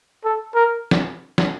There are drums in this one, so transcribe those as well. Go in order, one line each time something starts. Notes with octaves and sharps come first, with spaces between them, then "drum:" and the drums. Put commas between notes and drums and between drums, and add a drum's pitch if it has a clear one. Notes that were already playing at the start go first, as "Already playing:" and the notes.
A4
A#4
drum: snare
drum: snare